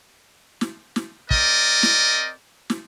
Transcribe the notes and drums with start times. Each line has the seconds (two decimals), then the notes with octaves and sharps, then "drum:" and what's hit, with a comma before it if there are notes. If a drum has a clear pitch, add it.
0.61 drum: snare
0.96 drum: snare
1.31 C4 A#4 D5 D#5, drum: kick
1.83 drum: snare
2.70 drum: snare